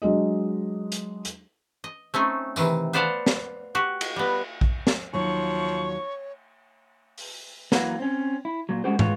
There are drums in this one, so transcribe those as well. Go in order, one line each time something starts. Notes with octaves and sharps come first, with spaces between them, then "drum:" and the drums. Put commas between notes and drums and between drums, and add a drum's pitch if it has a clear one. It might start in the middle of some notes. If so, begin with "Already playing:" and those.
F#3 G#3 D4 G#4 D#5
drum: hi-hat
drum: hi-hat
D#5
A3 C4 C#4 D#4
C3 D#3 E3 C4, drum: tambourine
B3 C5 D5 F5 F#5 A5
drum: snare
F#4 G4
drum: cymbal
G3 B3
drum: kick A#1
drum: snare
D#2 F3 F#3 C#5 C#6
drum: open hi-hat
E3 F#3 A#3 B3, drum: snare
C4 C#4
E4
A#2 F#3
G#3 A3 C#4 F#4 G4 C5
G#3 B3 F4 C#5, drum: tom